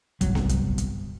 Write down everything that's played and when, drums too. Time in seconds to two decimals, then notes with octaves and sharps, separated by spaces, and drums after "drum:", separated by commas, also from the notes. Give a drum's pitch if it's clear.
0.21 D1 G1 C2 F#3, drum: hi-hat
0.35 drum: snare B3
0.49 drum: kick, hi-hat
0.78 drum: hi-hat